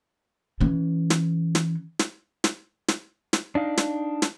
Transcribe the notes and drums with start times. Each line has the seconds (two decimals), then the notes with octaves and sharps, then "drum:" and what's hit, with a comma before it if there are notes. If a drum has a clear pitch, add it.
0.61 E3 C#4
1.10 drum: snare
1.55 drum: snare
1.99 drum: snare
2.44 drum: snare
2.88 drum: snare
3.33 drum: snare
3.55 D4 D#4 F5
3.77 drum: snare
4.22 drum: snare